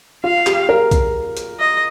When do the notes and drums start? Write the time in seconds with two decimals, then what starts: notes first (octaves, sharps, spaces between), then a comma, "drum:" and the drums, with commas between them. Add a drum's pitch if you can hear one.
0.24 F4 F5
0.46 G4, drum: clap
0.69 A#4
0.91 drum: kick B1, hi-hat
1.37 drum: hi-hat
1.59 D#5